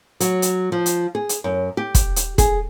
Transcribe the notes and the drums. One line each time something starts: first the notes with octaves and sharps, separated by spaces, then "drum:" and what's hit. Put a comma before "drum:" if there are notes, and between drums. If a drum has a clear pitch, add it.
F#3, drum: hi-hat
drum: hi-hat
F3
drum: hi-hat
G#4
drum: hi-hat
F#2
G4
drum: kick, hi-hat
drum: hi-hat
G#4, drum: kick, hi-hat